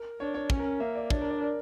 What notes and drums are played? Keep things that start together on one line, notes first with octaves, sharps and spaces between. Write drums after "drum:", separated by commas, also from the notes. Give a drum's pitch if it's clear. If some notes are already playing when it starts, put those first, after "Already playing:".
Already playing: A#4
D4 C#5
C#5
C#4 C#5, drum: kick
A#4
A#3 E5
D5
D4 C#5, drum: kick
A#4
D5
A#4